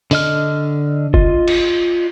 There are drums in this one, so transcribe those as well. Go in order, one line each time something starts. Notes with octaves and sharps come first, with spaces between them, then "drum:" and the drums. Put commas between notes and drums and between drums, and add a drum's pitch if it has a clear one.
D3 D#5 F6, drum: open hi-hat
F4 D#5, drum: kick
drum: cymbal